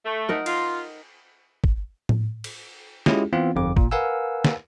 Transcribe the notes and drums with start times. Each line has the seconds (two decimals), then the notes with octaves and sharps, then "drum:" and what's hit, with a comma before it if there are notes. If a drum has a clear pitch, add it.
0.06 A3
0.29 D#4 A#4 F#5
0.46 F4, drum: cymbal
1.64 drum: kick
2.09 drum: tom A2
2.44 drum: cymbal
3.06 G#3 C#4 E4 F4 G4 G#4, drum: snare
3.33 E3 B3 C4 F4 F5
3.55 G1 F2 D6
3.76 A#2, drum: kick
3.91 A#4 B4 F5 F#5 G#5 E6
4.44 drum: snare